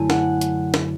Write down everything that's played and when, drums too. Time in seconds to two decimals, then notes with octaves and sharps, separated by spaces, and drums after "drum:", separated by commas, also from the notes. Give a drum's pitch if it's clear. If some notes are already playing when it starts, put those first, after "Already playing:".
Already playing: F#2 D3 A3 E4 G#5
0.10 F#5, drum: snare
0.41 drum: hi-hat
0.74 drum: snare